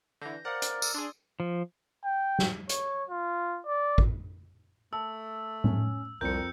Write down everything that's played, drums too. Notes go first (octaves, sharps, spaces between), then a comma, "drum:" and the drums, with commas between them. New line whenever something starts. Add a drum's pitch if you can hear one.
D3 E3 G6 A#6
A#4 C5 D5 F5 F#5
drum: hi-hat
E6, drum: tambourine
D4 G#4 D5 C6 D#6
F3
G5
drum: snare
C#5, drum: hi-hat
F4
D5
drum: kick
A3 A5 E6
C#4, drum: tom A2
C2 F2 C4 A#4 C5 G6 C#7